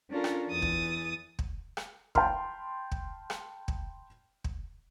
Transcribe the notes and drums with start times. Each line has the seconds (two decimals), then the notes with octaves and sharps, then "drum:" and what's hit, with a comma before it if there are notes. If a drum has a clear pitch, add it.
0.11 C#4 D4 F4 A4 A#4
0.24 drum: rim click
0.50 E2 E3 D#6 A6
0.62 drum: kick
1.39 drum: kick
1.77 drum: rim click
2.15 G5 A5 B5 C6 F6, drum: kick
2.92 drum: kick
3.30 drum: rim click
3.68 drum: kick
4.44 drum: kick